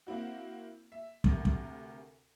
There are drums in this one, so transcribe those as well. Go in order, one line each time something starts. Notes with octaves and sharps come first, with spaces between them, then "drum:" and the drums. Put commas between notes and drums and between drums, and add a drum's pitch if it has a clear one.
A#3 C4 E4 F#4
E5
D2 C3 A#4, drum: kick
drum: kick